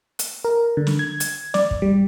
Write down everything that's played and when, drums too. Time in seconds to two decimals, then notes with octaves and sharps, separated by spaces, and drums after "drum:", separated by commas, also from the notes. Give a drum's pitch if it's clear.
0.19 drum: hi-hat
0.45 A#4
0.77 D3
0.87 drum: snare
0.99 G#6
1.20 drum: hi-hat
1.54 D5, drum: snare
1.71 drum: kick
1.82 G3